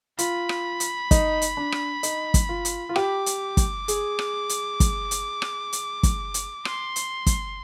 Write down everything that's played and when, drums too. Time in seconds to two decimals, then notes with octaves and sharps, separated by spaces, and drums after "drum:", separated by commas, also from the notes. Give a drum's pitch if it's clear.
0.19 F4 B5, drum: hi-hat
0.49 drum: rim click
0.80 drum: hi-hat
1.11 D#4, drum: kick, hi-hat
1.42 drum: hi-hat
1.57 D4
1.72 drum: rim click
2.03 D#4, drum: hi-hat
2.34 drum: kick, hi-hat
2.49 F4
2.65 drum: hi-hat
2.89 F4
2.96 G4 D6, drum: rim click
3.26 drum: hi-hat
3.57 drum: kick, hi-hat
3.88 G#4, drum: hi-hat
4.19 drum: rim click
4.49 drum: hi-hat
4.80 drum: kick, hi-hat
5.11 drum: hi-hat
5.42 drum: rim click
5.73 drum: hi-hat
6.03 drum: kick, hi-hat
6.34 drum: hi-hat
6.65 C6, drum: rim click
6.96 drum: hi-hat
7.26 drum: kick, hi-hat